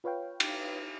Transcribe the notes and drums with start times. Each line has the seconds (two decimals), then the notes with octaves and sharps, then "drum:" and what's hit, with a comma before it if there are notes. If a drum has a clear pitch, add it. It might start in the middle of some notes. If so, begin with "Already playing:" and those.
0.04 F4 B4 C#5 F5 G5
0.40 drum: cymbal